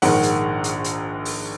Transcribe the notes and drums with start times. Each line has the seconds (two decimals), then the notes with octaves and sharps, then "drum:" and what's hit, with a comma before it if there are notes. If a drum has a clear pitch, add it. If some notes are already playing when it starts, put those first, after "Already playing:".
0.02 A#1 G#2 D#3 F#5, drum: open hi-hat
0.23 drum: hi-hat
0.64 drum: hi-hat
0.84 drum: hi-hat
1.25 drum: open hi-hat